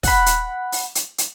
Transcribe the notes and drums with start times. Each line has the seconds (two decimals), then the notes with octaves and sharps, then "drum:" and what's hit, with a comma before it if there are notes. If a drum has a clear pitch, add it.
0.03 F#5 B5, drum: kick, open hi-hat
0.26 drum: hi-hat
0.72 drum: open hi-hat
0.95 drum: hi-hat
1.18 drum: hi-hat